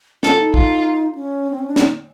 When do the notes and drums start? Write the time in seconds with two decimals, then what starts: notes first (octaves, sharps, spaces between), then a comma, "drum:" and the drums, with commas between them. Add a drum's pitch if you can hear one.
0.23 F4 A4, drum: snare
0.38 D#4
0.54 F4, drum: kick
1.15 C#4
1.50 C4
1.59 C#4
1.67 D4
1.76 D#4, drum: snare